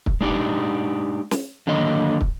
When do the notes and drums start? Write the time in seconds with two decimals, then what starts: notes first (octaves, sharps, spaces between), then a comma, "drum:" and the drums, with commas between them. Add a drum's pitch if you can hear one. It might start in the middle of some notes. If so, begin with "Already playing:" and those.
0.06 drum: kick
0.21 G#3 D4 D#4 G4
1.31 drum: snare
1.67 D3 D#3 F#3 A#3 D#5
2.21 drum: kick